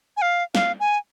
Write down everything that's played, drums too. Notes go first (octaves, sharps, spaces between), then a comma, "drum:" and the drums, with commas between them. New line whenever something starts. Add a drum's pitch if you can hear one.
G#5
F5
F5, drum: snare
G#5